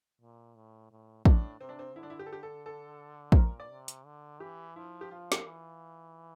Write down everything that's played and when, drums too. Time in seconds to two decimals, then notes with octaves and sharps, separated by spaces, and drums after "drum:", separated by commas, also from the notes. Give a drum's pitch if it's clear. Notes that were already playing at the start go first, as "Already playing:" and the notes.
0.21 A#2
0.55 A2
0.91 A2
1.25 A2 D4, drum: kick
1.60 C3 C4
1.69 D4
1.79 C4
1.95 D3 E4
2.03 D4
2.10 E4
2.19 G4
2.26 A4
2.32 G4
2.43 A4
2.66 A4
3.32 C5, drum: kick
3.35 A#2 A#4
3.60 D5
3.71 C3
3.88 drum: hi-hat
4.06 D3
4.40 E3 G4
4.76 F3 E4
5.01 G4
5.11 F3 F4
5.32 drum: snare
5.45 E3